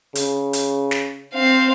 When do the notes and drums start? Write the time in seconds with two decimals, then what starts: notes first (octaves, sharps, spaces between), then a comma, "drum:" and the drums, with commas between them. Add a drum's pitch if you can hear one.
0.15 C#3, drum: hi-hat
0.53 drum: hi-hat
0.91 drum: snare
1.34 C4 F5